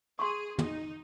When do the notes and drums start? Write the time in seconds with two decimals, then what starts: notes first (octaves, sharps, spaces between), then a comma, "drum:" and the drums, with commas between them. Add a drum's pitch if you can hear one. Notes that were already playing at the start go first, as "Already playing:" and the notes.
0.19 G#4 C6 C#6
0.59 D#4, drum: tom